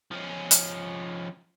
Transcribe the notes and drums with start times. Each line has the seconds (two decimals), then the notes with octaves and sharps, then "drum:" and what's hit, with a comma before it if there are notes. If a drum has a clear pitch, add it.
0.11 F3 C#4
0.51 drum: hi-hat